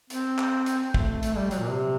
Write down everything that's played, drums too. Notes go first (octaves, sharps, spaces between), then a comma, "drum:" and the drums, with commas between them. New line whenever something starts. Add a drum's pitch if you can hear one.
C4, drum: hi-hat
drum: clap
drum: hi-hat
A3, drum: kick
A3, drum: hi-hat
G3
F#3, drum: hi-hat
A#2
C3